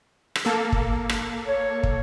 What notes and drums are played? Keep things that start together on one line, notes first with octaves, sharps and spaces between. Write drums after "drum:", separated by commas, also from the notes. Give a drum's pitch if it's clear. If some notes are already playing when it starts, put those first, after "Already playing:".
drum: rim click
A#3 A4
drum: kick
drum: rim click
C#5
drum: kick